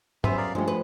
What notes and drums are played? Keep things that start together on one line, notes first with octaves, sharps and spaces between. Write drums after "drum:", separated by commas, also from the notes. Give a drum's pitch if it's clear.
F#2 G3 B3 E4 G#4 C5 E5, drum: tom
A#4 D5 F5
G2 F3 G#3 A3 C#4 G4
B4